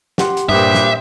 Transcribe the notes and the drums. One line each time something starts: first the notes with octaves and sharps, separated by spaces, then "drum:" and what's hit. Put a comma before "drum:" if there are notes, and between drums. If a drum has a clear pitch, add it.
G4 F#5 C6, drum: snare
drum: hi-hat
G2 A#2 G4 B4 C5 E5 D#6
drum: snare